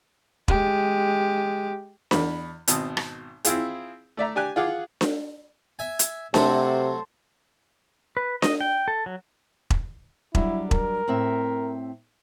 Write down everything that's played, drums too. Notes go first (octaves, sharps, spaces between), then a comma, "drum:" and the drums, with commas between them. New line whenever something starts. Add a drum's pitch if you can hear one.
G#3 G4, drum: kick E1
E2 B5, drum: snare D4
G#1 B2 C4 A5 D#6, drum: hi-hat
drum: rim click
C4 E4 F4 G#4, drum: hi-hat
A3 D5 E5 A#5
D4 G4 G#5 F#6
F4 G#4 F#5 D6
drum: snare D4
E5 G#5
drum: hi-hat
C3 F#3 A3 F#4 C5 A5, drum: snare D4
B4
D#5, drum: snare D4
G5
A4
F#3
drum: kick E1
F#3 G3 D4 E4, drum: kick E1
A#4, drum: kick E1
A2 C4 E5